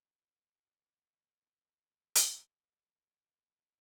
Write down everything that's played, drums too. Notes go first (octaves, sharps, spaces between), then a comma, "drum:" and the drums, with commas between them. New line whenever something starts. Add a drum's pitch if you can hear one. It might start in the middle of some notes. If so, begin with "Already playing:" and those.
F#3
G#3
drum: hi-hat
A3
G#3
A3
A#3